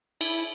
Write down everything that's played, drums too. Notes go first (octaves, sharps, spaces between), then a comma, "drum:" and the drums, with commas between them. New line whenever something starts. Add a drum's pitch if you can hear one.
E4, drum: cymbal